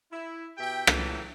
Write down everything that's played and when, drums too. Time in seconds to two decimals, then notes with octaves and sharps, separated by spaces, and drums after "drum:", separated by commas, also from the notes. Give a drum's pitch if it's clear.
0.12 E4
0.58 B2 G4 E5 G5
0.87 A2 C#3 E3 F#3 A3, drum: rim click